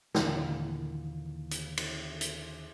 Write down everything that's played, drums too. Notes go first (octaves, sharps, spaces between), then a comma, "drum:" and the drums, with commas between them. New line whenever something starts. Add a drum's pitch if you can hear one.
D#2 A#2 D3 E3 A#3, drum: snare
drum: hi-hat
drum: cymbal
drum: hi-hat